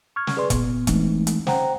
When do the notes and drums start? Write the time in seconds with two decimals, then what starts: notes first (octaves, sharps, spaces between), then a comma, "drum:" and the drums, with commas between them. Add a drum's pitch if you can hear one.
0.16 C#6 F6 G#6
0.27 drum: snare
0.37 G#4 B4 D5 C6
0.50 A#2 B3, drum: kick E1, hi-hat
0.87 E3 G#3 A3 C4 D#4, drum: kick E1, hi-hat
1.27 drum: hi-hat
1.47 C5 F#5 G5 A#5, drum: snare